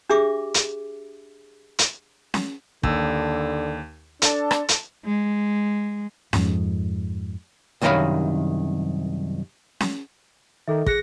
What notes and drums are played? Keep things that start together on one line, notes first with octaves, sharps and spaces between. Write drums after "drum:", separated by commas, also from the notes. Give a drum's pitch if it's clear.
D4 G4 G#4 E5 D6
drum: hi-hat
drum: hi-hat
drum: snare C#4
D#2 D3 E6, drum: kick
D4 A4 A5, drum: hi-hat
drum: rim click
drum: hi-hat
G#3
F2 G#2, drum: snare C#4
C2 F#2 D#3 D#5 F5 B5
drum: snare C#4
D#3 A4 E5
G#4 F#6 A#6 C#7, drum: kick